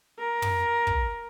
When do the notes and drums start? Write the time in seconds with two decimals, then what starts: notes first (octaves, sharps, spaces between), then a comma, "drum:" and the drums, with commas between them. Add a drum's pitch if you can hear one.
0.19 A#4
0.42 drum: tom
0.87 drum: kick